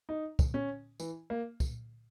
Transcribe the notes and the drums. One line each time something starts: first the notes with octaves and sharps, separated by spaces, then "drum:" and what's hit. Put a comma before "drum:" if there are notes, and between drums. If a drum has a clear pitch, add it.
D#4
drum: kick, tambourine
C#4
E3, drum: tambourine
A#3
drum: kick, tambourine